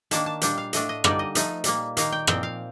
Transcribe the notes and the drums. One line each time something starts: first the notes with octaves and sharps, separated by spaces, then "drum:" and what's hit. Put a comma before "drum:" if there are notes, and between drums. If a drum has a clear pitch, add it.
D#3 A#3 D4 A5, drum: hi-hat
A5
A#2 G3 D4 G5, drum: hi-hat
F5
A2 A3 D4 D#5, drum: hi-hat
D#5
D3 G3 A#3 D#4 D5, drum: rim click
D#5
F3 A3 D#4, drum: hi-hat
A#2 G3 A#3, drum: hi-hat
D#3 A#3 D#4 F5, drum: hi-hat
G5
A#2 F3 C4 G5, drum: rim click
F5